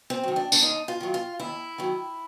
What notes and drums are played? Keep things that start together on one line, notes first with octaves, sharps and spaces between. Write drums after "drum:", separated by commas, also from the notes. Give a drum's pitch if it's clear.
C4
D#3 F#3
D4
D4, drum: tambourine
D#2 D#4
F4
D#3 F#3
F4
D#2 E4
D#3 F#3